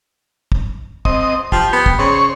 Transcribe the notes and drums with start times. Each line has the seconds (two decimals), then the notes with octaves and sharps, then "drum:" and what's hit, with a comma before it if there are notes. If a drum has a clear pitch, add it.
0.52 drum: kick
1.05 C4 D#5 D#6, drum: kick
1.52 F3 G4, drum: kick
1.73 B3
1.86 drum: kick
1.99 C#3 C5 C#5 C#6